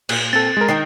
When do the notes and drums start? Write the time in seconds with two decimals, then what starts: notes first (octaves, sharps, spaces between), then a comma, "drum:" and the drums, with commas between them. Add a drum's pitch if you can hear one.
0.09 A#2, drum: cymbal
0.33 C4 A4 A6
0.57 G#3 A#4
0.68 D#3 A#4 G5 C7